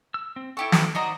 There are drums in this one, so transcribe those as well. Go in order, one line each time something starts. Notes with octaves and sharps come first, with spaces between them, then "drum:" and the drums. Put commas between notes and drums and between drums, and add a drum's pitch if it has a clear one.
E6
C4
E4 G4 A4 C#6
drum: snare
D#3 F#4 C5 D5 D#5 A#5